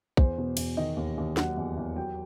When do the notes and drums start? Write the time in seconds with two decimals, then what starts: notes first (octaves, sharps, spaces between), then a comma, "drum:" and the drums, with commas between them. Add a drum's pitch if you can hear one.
0.17 E2 C5, drum: kick
0.38 B2
0.57 E2, drum: cymbal
0.77 D#3 D#5
0.97 D#2
1.17 D#2
1.37 F#3 F#5, drum: snare
1.57 E2
1.77 E2
1.96 F#3 G5